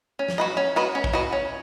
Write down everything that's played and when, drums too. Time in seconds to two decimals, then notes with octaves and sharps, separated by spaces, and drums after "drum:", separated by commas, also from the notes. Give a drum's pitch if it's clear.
0.19 C#4
0.28 drum: snare
0.38 F#4 B4 D#5
0.57 C#4
0.76 F#4 B4 D#5
0.95 C#4
1.04 drum: kick
1.13 F#4 B4 D#5
1.33 C#4